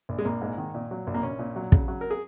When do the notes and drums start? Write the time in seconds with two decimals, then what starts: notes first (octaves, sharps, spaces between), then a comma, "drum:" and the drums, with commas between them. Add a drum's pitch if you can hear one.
0.09 A#1
0.19 G#3
0.25 A#1 A#3
0.42 G#2
0.58 D#3
0.75 A#2
0.91 F#3
1.07 A#1
1.14 A#3
1.23 A#1 C#4
1.39 A#2
1.56 F#3
1.72 C#3, drum: kick
1.88 F#3
2.01 A#4
2.11 G#4